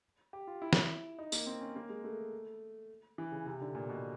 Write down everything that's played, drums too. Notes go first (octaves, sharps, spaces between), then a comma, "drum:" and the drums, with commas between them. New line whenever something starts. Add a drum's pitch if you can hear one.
G4
F4
E4
drum: snare
D#4
A#3, drum: tambourine
C4
C#4
A#3
G#3
A3
E3
C#3
C3
D3
A#2
B2